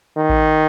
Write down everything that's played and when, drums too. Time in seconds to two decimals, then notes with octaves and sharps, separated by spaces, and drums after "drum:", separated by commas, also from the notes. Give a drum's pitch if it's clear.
0.17 D#3
0.29 drum: kick A1